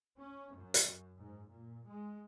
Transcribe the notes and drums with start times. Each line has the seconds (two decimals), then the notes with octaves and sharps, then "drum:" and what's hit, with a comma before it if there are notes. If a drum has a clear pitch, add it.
0.20 C#4
0.57 F#2
0.74 drum: hi-hat
1.17 G#2
1.48 A#2
1.87 G#3